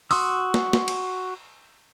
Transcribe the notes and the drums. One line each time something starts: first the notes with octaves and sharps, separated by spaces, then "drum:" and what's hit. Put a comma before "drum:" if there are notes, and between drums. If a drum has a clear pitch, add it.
F#4 C6 D#6 E6, drum: open hi-hat
drum: snare
drum: snare
drum: cymbal